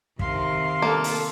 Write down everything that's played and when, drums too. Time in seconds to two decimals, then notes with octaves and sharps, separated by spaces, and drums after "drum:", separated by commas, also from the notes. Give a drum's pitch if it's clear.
0.19 C3 D#3 F5 C6, drum: kick
0.82 A#3 A4 A5
1.04 drum: open hi-hat